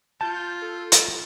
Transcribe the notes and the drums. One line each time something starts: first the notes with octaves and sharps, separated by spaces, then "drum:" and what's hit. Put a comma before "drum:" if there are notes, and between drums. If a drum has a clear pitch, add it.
F4 A5 G6
A4
drum: hi-hat